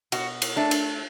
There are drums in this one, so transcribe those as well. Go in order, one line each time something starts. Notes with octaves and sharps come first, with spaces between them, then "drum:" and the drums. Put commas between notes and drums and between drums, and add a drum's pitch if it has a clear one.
B2 F#4, drum: cymbal
drum: cymbal
A3 D4
drum: cymbal